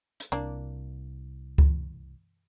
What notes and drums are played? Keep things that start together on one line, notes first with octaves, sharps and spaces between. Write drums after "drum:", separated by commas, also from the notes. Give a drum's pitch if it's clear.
drum: hi-hat
C2 A#3 D4
drum: kick C#2